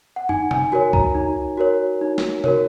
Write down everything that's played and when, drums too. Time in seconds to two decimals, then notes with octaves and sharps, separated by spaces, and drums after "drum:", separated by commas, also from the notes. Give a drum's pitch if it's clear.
0.16 F#5
0.29 D#4 G#5, drum: tom
0.51 G#5, drum: tom C3
0.72 F#4 A#4 C#5 G#5
0.93 A#5, drum: kick
1.15 D#4
1.57 F#4 A#4 C#5
2.01 D#4
2.18 drum: snare
2.44 F#4 A#4 C#5, drum: tom C3